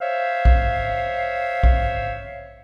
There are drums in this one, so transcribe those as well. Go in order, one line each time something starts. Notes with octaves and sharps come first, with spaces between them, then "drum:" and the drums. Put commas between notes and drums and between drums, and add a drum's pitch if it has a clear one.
C5 C#5 E5 F5
drum: kick A#1
drum: kick A#1